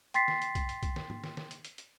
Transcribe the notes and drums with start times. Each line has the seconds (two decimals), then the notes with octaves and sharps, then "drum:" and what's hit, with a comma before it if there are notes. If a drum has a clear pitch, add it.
0.14 G5 C6 A6 B6 C7, drum: hi-hat
0.28 drum: snare
0.42 drum: hi-hat
0.55 drum: kick B1, hi-hat
0.69 drum: hi-hat
0.83 drum: kick B1, hi-hat
0.96 drum: snare
1.10 drum: tom
1.24 drum: snare
1.37 drum: snare
1.51 drum: hi-hat
1.65 drum: hi-hat
1.78 drum: hi-hat